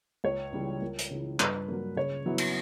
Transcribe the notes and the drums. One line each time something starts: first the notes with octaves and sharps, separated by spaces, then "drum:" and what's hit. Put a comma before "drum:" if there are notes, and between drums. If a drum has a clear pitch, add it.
C#2 C#5
C#3 E3 G3
C#2 A#4
drum: hi-hat
C#3 E3
G2 B4, drum: clap
F#3 A#3
C#3 C#5
F#3 B3 E4
drum: cymbal